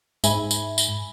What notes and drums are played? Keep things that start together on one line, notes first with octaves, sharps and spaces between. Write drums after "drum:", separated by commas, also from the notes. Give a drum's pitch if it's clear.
G#2 E5 G#5 B5, drum: tambourine
drum: tambourine
drum: tambourine